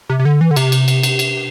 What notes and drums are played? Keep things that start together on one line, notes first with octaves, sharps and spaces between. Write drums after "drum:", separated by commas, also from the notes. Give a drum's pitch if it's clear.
C3
C3
D3
E3
D3
C3, drum: cymbal
drum: cymbal
drum: cymbal
drum: cymbal
drum: cymbal